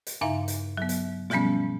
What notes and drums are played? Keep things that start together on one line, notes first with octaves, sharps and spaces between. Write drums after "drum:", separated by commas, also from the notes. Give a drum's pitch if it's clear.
drum: hi-hat
G2 C#3 D#4 E5 F5 A#5
drum: hi-hat
F#3 B3
drum: hi-hat
B2 F3 G3 B3 C#4, drum: snare